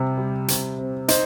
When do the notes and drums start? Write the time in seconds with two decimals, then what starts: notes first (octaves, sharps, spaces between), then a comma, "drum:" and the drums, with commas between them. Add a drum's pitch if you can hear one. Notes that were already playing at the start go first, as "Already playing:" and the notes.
Already playing: C3 G3 C4
0.18 G3
0.48 C3, drum: hi-hat
0.79 C4
1.08 D#4 C5 D#5, drum: hi-hat